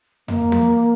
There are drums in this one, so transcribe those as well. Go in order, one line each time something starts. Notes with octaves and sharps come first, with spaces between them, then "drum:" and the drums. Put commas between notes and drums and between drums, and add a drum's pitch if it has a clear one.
A#3, drum: tom F2
drum: tom